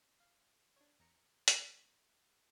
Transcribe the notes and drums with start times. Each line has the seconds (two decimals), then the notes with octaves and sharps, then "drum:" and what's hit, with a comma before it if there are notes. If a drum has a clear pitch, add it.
0.20 F5
0.76 D4 C#5
1.00 E2 A#5 C#7
1.48 drum: hi-hat